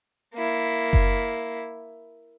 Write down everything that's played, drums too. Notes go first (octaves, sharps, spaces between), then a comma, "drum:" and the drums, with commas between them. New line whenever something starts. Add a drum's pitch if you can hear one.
A#3 E4
drum: kick F#1